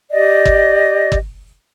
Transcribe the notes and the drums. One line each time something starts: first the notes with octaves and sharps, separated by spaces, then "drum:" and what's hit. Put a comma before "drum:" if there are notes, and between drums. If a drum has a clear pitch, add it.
G4 D5 D#5
drum: kick
drum: kick